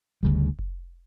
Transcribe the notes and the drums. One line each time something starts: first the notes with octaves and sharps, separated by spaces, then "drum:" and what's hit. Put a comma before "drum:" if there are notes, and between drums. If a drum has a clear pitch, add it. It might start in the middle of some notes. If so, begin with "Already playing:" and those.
D2 C#3 G3, drum: kick F1
drum: kick F1